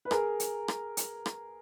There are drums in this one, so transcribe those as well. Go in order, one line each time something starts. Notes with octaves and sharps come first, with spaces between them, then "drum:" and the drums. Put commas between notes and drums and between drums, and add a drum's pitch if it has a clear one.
B4
G#4 A#4, drum: rim click
drum: hi-hat
drum: rim click
drum: hi-hat
drum: rim click